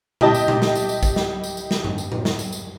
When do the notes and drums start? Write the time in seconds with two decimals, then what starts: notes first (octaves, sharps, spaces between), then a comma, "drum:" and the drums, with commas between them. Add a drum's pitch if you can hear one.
0.21 E4 G4 D#5 A5, drum: tom A#2
0.35 drum: tambourine
0.48 drum: tom A#2
0.62 drum: snare
0.75 drum: tambourine
0.89 drum: tambourine
1.03 drum: kick, tambourine
1.16 drum: snare
1.44 drum: tambourine
1.57 drum: tambourine
1.71 drum: snare
1.84 drum: tom F#2
1.98 drum: tambourine
2.12 drum: tom A2
2.25 drum: snare
2.39 drum: tambourine
2.52 drum: tambourine